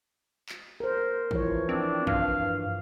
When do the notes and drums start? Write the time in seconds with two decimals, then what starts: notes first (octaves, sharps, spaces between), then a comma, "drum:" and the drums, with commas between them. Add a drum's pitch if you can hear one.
0.49 drum: clap
0.80 A#4 C5
1.31 E3 F3 C#5, drum: kick
1.69 C4 D4
2.07 G2 F5, drum: kick